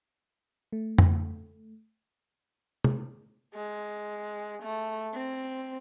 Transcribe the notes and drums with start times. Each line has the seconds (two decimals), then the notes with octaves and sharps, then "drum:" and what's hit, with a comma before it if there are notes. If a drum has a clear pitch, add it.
0.72 A3
0.99 drum: tom F2
2.84 drum: tom
3.54 G#3
4.63 A3
5.14 C4